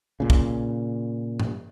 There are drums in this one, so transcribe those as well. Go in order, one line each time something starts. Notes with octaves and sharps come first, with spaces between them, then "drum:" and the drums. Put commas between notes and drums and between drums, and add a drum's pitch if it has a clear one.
A#2 C#3
drum: kick
drum: tom G#2